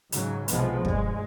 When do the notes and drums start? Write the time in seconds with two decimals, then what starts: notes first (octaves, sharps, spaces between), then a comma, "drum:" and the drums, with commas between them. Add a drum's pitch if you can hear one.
0.12 G#2 C#3 F#3, drum: hi-hat
0.48 B1 C3 F3 G#3 B3, drum: hi-hat
0.85 G2 G#3, drum: kick